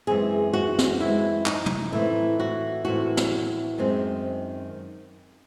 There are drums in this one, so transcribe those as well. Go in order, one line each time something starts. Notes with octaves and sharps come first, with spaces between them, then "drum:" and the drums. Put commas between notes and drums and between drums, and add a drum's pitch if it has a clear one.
F#2 E3 G#3 C4 G#4
F#4
drum: snare
F#2 E3 G#3 C4 E4
D#4, drum: clap
drum: tom
A2 E3 A3 C4 E4
F#4
A2 E3 A3 C4 F#4
drum: snare
F#2 D#3 G#3 C4